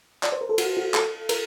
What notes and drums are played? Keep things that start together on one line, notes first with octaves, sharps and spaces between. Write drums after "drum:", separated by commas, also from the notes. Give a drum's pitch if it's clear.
D5, drum: clap
C5
A#4
A4
F#4, drum: cymbal
F#4
A4, drum: clap
A#4, drum: cymbal